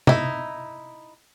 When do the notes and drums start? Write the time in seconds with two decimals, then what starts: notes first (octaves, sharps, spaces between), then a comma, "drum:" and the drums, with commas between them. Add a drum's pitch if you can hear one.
0.07 D#4 E4, drum: tom